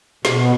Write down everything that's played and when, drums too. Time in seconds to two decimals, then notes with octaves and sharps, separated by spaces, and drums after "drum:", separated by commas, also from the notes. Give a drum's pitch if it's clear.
0.25 B2, drum: snare